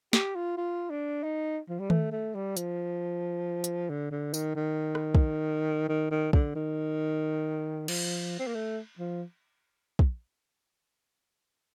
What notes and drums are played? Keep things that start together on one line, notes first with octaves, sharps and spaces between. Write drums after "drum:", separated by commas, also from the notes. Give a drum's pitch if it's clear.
G4, drum: snare
F4
F4
D4
D#4
F3
G3
A3, drum: tom D#3
A3
G3
F3, drum: hi-hat
drum: hi-hat
D3
D3
D#3, drum: tambourine
D#3
drum: rim click
drum: kick
D#3
D#3
D3, drum: kick
D#3
F3, drum: cymbal
C4
A#3
A3
F3
drum: kick